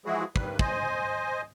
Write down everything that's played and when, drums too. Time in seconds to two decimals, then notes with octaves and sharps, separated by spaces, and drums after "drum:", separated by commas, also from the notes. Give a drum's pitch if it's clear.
0.06 E3 F3 G#3 E4 F#4 G#4
0.36 G2 D#3 G3 B4, drum: kick
0.59 C5 D#5 G#5, drum: kick